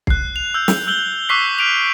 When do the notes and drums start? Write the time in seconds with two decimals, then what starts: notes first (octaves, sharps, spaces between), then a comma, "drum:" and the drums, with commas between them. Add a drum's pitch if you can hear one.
0.07 F#6 C7, drum: kick
0.36 F7
0.54 E6 G6
0.68 drum: snare
0.87 E6 G6 F#7 G7
1.29 C#6 D6 E6 F#6 B6 C7
1.59 F6 B6 D7 F7